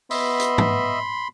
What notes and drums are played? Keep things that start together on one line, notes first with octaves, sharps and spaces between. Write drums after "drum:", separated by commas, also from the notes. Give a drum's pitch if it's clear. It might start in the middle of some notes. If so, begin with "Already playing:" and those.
B3 D#5 E5 B5 C6, drum: open hi-hat
drum: hi-hat
drum: tom G#2